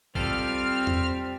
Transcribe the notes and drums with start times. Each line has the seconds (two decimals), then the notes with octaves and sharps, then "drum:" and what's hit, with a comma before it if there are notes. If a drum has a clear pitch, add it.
0.15 G3 C4 F4 A4 F6, drum: kick A1
0.87 drum: tom E2